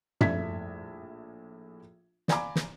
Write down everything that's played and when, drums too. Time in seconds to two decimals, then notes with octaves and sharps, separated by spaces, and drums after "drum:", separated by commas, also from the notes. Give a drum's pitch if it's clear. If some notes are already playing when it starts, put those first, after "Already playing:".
0.21 A#1 A2 E5 G#6 B6, drum: tom
2.28 D5 F5 G#5 A#5 B5 D6, drum: snare
2.56 drum: snare